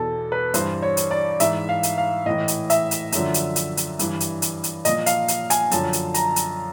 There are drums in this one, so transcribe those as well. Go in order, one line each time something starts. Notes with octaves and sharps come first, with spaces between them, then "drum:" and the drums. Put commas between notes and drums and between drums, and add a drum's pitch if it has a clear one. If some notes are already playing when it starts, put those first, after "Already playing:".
Already playing: E2 B2 A4
B4
G2 E3 C5, drum: hi-hat
C#5
drum: hi-hat
D5
G#2 E3 E5, drum: hi-hat
F5
drum: hi-hat
F5
A2 E3 D#5
drum: hi-hat
E5, drum: hi-hat
drum: hi-hat
F#2 D3 F3, drum: hi-hat
drum: hi-hat
drum: hi-hat
drum: hi-hat
G2 E3, drum: hi-hat
drum: hi-hat
drum: hi-hat
drum: hi-hat
A#2 F3 D#5, drum: hi-hat
F5, drum: hi-hat
drum: hi-hat
G#5, drum: hi-hat
F#2 D3 F3 A5, drum: hi-hat
drum: hi-hat
A#5, drum: hi-hat
drum: hi-hat